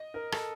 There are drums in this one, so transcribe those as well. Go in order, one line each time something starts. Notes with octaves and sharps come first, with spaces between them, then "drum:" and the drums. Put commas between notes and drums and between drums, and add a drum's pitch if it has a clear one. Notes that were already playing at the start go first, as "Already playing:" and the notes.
Already playing: D#5
A#4
A4, drum: rim click